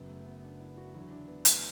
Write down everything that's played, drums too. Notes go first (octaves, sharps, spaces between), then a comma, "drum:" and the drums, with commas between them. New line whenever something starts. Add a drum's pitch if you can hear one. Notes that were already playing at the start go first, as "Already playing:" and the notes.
Already playing: F#1 F#2 F#3 B3
A3
B3
D4
E4
F#4
E2 D3 F#3 E4
D4
B3
A3, drum: hi-hat